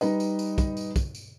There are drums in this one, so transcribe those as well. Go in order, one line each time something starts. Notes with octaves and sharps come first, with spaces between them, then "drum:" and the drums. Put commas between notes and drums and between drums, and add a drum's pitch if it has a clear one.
G3 D#4 B4 D#5, drum: tambourine
drum: tambourine
drum: tambourine
drum: kick, tambourine
drum: tambourine
drum: kick, tambourine
drum: tambourine